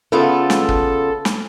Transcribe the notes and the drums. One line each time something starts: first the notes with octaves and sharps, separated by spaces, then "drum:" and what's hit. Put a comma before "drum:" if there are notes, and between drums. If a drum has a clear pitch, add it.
C#3 B3 F4 A4
drum: snare
drum: kick
drum: snare